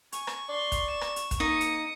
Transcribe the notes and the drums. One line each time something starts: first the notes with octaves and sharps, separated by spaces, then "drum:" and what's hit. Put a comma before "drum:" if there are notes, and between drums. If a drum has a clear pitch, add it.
G#5 C#6, drum: hi-hat
drum: rim click
D5 C6
drum: kick, hi-hat
E7
drum: rim click
drum: hi-hat
drum: kick, hi-hat
A#3 D#4 D#6 C#7
drum: hi-hat